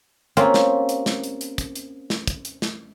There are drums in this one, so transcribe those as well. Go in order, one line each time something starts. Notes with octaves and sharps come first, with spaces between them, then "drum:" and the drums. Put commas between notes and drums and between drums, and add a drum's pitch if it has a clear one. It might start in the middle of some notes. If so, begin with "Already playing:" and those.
A#3 C4 C#4 F4 G4 A#4, drum: hi-hat
drum: snare
drum: hi-hat
drum: snare
drum: hi-hat
drum: hi-hat
drum: kick, hi-hat
drum: hi-hat
drum: snare
drum: kick, hi-hat
drum: hi-hat
drum: snare